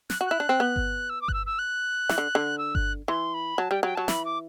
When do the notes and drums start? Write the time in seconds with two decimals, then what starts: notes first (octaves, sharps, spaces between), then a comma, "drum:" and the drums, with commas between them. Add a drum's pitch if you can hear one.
0.10 F#6, drum: snare
0.21 F#4
0.26 F#6
0.31 E4
0.40 D4
0.49 C4
0.60 B3
0.76 drum: kick G1
1.10 E6
1.22 D6
1.28 F#6, drum: kick G1
1.34 E6
1.46 E6
1.59 F#6
2.09 E3, drum: snare
2.18 D3
2.35 D3
2.58 E6
2.75 F#6, drum: kick G1
3.08 E3 C6
3.34 B5
3.58 F#3 A5
3.71 G3 G5
3.83 F#3 G5
3.95 F#3 A5
4.08 E3 B5, drum: snare
4.25 D6